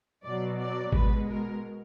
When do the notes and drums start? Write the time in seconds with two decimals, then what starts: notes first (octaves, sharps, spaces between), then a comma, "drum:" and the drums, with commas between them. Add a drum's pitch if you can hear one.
0.23 B2 F#3 D5
0.59 D5
0.92 B2 G#3 B4, drum: kick G#1
1.28 A#4